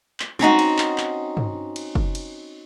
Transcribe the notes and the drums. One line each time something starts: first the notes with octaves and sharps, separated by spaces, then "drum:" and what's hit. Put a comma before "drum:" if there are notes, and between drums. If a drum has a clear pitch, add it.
drum: clap
C4 C#4 D#4 F#4, drum: tom G3
drum: cymbal
drum: clap
drum: clap
drum: tom
drum: cymbal
drum: kick
drum: cymbal